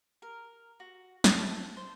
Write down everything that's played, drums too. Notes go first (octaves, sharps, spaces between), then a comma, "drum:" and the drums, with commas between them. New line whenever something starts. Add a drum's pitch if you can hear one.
A#4
F#4
drum: snare
A5
A5
C5